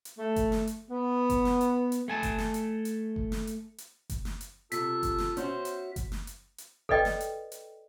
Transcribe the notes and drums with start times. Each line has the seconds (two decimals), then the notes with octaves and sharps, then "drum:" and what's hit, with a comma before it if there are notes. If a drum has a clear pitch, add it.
0.05 drum: hi-hat
0.18 A3
0.36 drum: kick F#1, hi-hat
0.52 drum: snare
0.67 drum: hi-hat
0.90 B3
1.30 drum: kick F#1, hi-hat
1.45 drum: snare
1.61 drum: hi-hat
1.92 drum: hi-hat
2.08 A3 G#5 A5
2.23 drum: kick F#1, hi-hat
2.38 drum: snare
2.54 drum: hi-hat
2.85 drum: hi-hat
3.16 drum: kick F#1
3.32 drum: snare
3.47 drum: hi-hat
3.78 drum: hi-hat
4.10 drum: kick F#1, hi-hat
4.25 drum: snare
4.41 drum: hi-hat
4.72 C3 F4 A4 B6, drum: hi-hat
5.03 drum: kick F#1, hi-hat
5.18 drum: snare
5.37 C#4 F#4 C5 E5, drum: hi-hat
5.65 drum: hi-hat
5.96 drum: kick F#1, hi-hat
6.12 drum: snare
6.27 drum: hi-hat
6.58 drum: hi-hat
6.89 A4 B4 D5 D#5 G5, drum: kick F#1
7.05 drum: snare
7.20 drum: hi-hat
7.52 drum: hi-hat